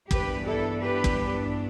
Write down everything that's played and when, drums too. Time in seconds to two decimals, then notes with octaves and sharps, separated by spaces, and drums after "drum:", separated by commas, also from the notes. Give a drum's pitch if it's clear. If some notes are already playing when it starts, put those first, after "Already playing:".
0.11 G2 E3 B3 D4 G4 B4, drum: kick
0.46 E4 A4
0.81 G4 B4
1.04 drum: kick